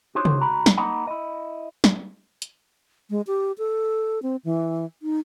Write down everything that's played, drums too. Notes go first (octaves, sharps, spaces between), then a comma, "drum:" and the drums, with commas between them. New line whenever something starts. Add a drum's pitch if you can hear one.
D4 D#4 F4 F#4 C5 C#5
drum: tom
C#2 F#4 A#5 B5
drum: snare
A#3 D#4 D#5 F#5 A#5 B5
E4 D#5
drum: snare
drum: hi-hat
G#3
G4
A4
C4
E3
D#4